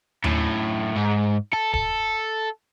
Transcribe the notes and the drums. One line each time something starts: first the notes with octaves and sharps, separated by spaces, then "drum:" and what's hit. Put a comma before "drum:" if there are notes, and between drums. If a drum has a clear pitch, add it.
F#2 A2, drum: tom D#2
G#2
A4
A4, drum: kick